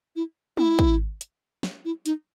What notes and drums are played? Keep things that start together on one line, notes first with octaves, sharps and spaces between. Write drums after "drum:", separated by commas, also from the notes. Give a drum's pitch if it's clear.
E4
E4, drum: tom
drum: kick
drum: hi-hat
drum: snare
E4
D#4, drum: hi-hat